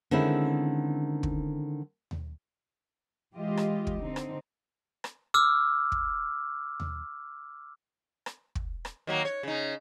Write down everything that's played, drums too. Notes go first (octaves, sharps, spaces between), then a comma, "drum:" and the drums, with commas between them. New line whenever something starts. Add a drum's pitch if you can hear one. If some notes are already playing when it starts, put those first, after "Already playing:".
D3 D#3 G#3 C4 C#4 E4
drum: kick
drum: tom D#2
E3 G#3 F4 G4 D#5
drum: rim click
drum: kick
D3 C4 D#4
drum: rim click
drum: rim click
D6 E6 F6
drum: kick
drum: tom D#2
drum: rim click
drum: kick
drum: rim click
D#3 F#3 A#3
C#5
C#3 D#4